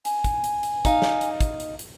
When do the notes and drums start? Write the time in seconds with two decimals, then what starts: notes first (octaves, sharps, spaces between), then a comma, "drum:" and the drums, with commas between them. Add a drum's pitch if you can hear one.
0.05 G#5, drum: hi-hat
0.24 drum: kick, hi-hat
0.44 drum: hi-hat
0.63 drum: hi-hat
0.85 D#4 F5, drum: kick, hi-hat
1.02 drum: snare
1.21 drum: hi-hat
1.40 drum: kick, hi-hat
1.60 drum: hi-hat
1.79 drum: hi-hat